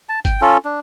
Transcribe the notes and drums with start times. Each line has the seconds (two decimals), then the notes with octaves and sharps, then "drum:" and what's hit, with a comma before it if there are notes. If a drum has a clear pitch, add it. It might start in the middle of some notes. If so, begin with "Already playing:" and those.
0.09 A5
0.25 G5, drum: kick G1, hi-hat
0.41 C#4 F4 A4
0.65 D4